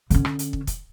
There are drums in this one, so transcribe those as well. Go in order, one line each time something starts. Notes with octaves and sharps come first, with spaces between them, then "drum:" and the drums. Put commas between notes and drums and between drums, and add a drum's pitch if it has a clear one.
D3 C#4, drum: hi-hat
drum: rim click
drum: hi-hat
drum: kick
drum: kick, hi-hat